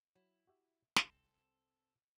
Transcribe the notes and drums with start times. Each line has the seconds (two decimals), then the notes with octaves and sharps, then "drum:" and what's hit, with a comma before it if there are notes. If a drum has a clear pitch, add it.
0.15 F#3 E4
0.47 F#4 G4 E5
0.96 C2 C4 A4, drum: snare